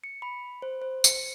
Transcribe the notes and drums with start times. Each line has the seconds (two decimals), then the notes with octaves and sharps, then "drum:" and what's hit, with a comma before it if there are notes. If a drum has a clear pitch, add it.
0.04 C#7
0.22 B5
0.62 C5
0.82 C5
1.04 C#7, drum: tambourine